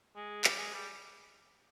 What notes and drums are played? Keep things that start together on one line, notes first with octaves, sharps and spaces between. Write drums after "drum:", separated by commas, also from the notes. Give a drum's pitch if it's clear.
G#3
G3, drum: clap
G#3
G3